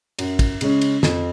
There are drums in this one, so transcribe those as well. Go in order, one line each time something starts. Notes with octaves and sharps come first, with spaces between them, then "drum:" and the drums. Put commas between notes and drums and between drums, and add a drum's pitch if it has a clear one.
F#2, drum: cymbal
drum: kick, cymbal
C#3 G#3 C#4, drum: cymbal
drum: cymbal
F2, drum: snare